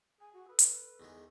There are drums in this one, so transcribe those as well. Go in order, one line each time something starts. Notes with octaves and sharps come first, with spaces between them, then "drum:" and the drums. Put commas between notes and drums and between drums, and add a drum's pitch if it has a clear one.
G#4 G#5
F#4
A4 B4
drum: hi-hat
E2 D#3 G#3